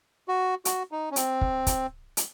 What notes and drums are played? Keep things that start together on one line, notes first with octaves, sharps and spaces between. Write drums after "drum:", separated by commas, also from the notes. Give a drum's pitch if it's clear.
F#4
F#4, drum: hi-hat
D#4
C#4
C4, drum: hi-hat
drum: kick
drum: kick, hi-hat
drum: hi-hat